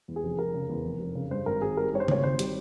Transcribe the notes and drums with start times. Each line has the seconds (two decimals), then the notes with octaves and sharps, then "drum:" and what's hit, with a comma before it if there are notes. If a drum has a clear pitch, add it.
0.08 E2
0.16 G#4
0.24 F1
0.39 F1 A#4
0.54 C#3
0.69 E2
0.85 F1
1.00 F1
1.15 C#3
1.31 G2 C5
1.46 G#1 A#4
1.62 G#1 G#4
1.77 G3 A#4
1.93 G2 C#5
2.00 C5
2.08 G#1 C#5, drum: tom C#3
2.24 G#1 C5
2.39 G3, drum: hi-hat